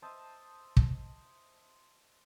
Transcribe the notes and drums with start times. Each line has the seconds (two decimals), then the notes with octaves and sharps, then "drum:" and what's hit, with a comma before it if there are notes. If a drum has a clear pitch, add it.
0.02 C5 D#5 E5 A5
0.77 drum: kick